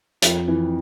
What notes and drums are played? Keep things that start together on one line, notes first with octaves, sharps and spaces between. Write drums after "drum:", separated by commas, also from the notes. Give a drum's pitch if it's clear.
F2, drum: hi-hat
E3